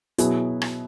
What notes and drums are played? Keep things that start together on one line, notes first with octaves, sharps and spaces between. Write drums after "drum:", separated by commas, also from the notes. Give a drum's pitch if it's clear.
B2 F#3 B3 E4 G#4, drum: hi-hat
drum: rim click